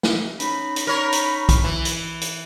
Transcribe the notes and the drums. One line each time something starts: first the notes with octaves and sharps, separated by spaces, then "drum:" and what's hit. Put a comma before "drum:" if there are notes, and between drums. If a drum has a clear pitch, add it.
drum: snare
C#4 D#4 B5, drum: hi-hat
drum: hi-hat
A#4 C#5
drum: hi-hat
drum: kick B1, hi-hat
E3
drum: hi-hat
drum: hi-hat